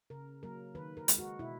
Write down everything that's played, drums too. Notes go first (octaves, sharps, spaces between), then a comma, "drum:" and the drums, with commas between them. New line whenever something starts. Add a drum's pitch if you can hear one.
C#3 A#4
F#3 A#3 A#4
D#3 B4
A#4
G#3, drum: hi-hat
F#4
B2 E4